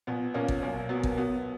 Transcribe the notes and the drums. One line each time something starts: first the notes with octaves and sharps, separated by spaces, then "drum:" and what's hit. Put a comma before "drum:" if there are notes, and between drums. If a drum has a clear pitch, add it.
A#1 B3
A#1 A#3 C#4
drum: kick G#1
B1 A#3
F#3 B3
drum: kick G#1
F#3 B3